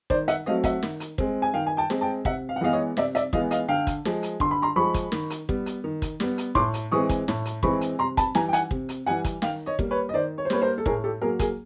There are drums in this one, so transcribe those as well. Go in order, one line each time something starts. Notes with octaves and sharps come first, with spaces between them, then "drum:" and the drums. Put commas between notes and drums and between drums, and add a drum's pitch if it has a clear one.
D#3 C5 D5, drum: kick
E5 F#5, drum: hi-hat
F#3 A3 C4 D#5 F5
E5 F#5, drum: kick, hi-hat
D#3, drum: snare
drum: hi-hat
G#3 C4, drum: kick
G#5
D#3 F5 G5
G#5
G5 A5
G#3 C4, drum: snare
G5 A5
C3 E5 F#5, drum: kick
F5
F#5
E3 G#3 B3 D#5 F5
C#5 D#5
C3 D5 E5, drum: snare
D5 E5, drum: hi-hat
E3 G#3 B3 D#5 F5, drum: kick
D#5 F5, drum: hi-hat
D3 F5 G5
drum: kick, hi-hat
F3 G#3, drum: snare
drum: hi-hat
D3 C6, drum: kick
B5
A#5 C6
F3 G#3 B5 C#6
drum: kick, hi-hat
D#3, drum: snare
drum: hi-hat
G3 B3, drum: kick
drum: hi-hat
D#3
drum: kick, hi-hat
G3 B3, drum: snare
drum: hi-hat
A2 C6 D6, drum: kick
drum: hi-hat
E3 G#3 C4 C#6 D#6
drum: kick, hi-hat
A2, drum: snare
drum: hi-hat
E3 G#3 C4 B5 C#6, drum: kick
drum: hi-hat
C3 A#5 C6
A5 B5, drum: kick, hi-hat
E3 G3 G#5 A#5, drum: snare
G5
F#5 G#5, drum: hi-hat
C3, drum: kick
drum: hi-hat
E3 G3 F#5 G#5
drum: kick, hi-hat
D#3 F5 G5, drum: snare
C#5 D#5
G3 A#3, drum: kick
B4 C#5
D#5
D#3 C5 D5
C#5
C5
G3 A#3 B4 C#5, drum: snare
A#4 C5
A4
A2 G#4 A#4, drum: kick
G4 A4
F#3 A#3 G#4 A#4
G#4 A#4, drum: kick, hi-hat